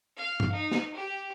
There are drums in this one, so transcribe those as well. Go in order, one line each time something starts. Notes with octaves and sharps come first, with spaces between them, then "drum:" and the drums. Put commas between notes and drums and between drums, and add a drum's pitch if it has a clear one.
F5
drum: tom G2
D#4
drum: snare
G4